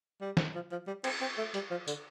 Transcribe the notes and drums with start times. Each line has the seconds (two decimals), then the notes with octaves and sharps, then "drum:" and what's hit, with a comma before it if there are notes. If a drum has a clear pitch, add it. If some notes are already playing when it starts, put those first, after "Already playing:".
0.21 G3
0.37 drum: snare
0.55 F3
0.72 F3
0.87 G3
1.04 C4, drum: cymbal
1.21 C4
1.38 A3
1.54 G3, drum: hi-hat
1.71 F3
1.87 D3, drum: tambourine